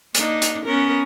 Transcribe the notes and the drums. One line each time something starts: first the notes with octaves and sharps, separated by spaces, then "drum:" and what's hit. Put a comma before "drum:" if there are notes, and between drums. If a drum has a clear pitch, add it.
A#3 D4 D#4, drum: hi-hat
drum: hi-hat
B3 C#4 A#4